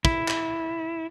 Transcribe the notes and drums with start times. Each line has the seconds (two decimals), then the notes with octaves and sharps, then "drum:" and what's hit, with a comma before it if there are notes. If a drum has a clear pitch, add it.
0.05 E4, drum: kick
0.28 drum: clap